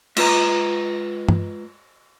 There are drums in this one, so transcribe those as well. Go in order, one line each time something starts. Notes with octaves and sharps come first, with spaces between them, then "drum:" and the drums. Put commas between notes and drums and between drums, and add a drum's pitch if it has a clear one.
G#3 F4 B4 A#5, drum: cymbal
drum: tom